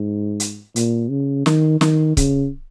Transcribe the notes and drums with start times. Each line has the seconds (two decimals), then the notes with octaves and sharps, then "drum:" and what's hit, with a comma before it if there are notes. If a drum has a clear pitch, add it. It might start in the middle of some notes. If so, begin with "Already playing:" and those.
Already playing: G#2
0.40 drum: hi-hat
0.76 A#2, drum: hi-hat
1.10 C#3
1.46 D#3, drum: snare
1.81 D#3, drum: snare
2.17 C#3, drum: kick C#1, hi-hat